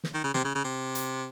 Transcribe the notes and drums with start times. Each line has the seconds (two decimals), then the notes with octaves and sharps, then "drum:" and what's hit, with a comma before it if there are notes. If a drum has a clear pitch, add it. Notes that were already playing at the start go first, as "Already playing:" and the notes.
0.04 drum: snare
0.14 D#3
0.24 C#3
0.34 C3, drum: snare
0.44 C#3
0.55 C#3
0.64 C3
0.95 drum: hi-hat